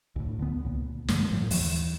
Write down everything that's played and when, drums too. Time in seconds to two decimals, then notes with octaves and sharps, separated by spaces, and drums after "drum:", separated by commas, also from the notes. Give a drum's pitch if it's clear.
0.16 D2 A2
0.39 D3 B3
0.65 C#2 A#2
1.08 G2 D3 F3, drum: snare
1.32 A2 F3 F#3
1.51 D#2 E3, drum: open hi-hat